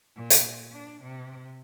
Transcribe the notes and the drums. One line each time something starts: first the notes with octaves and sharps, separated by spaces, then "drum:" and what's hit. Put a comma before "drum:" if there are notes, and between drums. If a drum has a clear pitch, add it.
A#2
drum: hi-hat
D4
C3